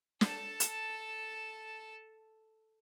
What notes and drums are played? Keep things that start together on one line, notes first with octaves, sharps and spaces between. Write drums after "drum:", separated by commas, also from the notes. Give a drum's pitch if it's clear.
A4 A5, drum: snare
drum: hi-hat